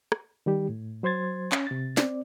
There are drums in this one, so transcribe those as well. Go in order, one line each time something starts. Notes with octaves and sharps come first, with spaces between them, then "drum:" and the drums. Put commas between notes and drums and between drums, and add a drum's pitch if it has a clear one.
drum: rim click
D#3 G3 G4
A2
F#3 C5 C6 G#6 A6
C#4, drum: clap
C3 A6
C4 D5, drum: snare